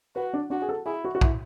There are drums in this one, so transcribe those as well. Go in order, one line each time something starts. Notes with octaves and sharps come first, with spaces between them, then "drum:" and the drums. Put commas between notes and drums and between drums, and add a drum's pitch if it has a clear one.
F#4 B4
D4
D4 F#4
G#4
A4
E4 G#4
F#4
F#4
E4, drum: kick B1